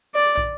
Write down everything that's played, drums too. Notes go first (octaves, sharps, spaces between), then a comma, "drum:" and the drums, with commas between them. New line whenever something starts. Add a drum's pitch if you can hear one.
D5
drum: kick